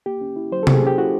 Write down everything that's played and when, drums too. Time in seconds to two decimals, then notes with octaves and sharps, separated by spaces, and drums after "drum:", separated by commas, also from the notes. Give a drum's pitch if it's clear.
0.06 A#3 G4
0.21 C#4
0.36 E4
0.52 F#3 C5
0.63 A4
0.67 A#3 G4, drum: tom C3
0.75 G#4
0.82 C#4 G4
0.98 E4 F#4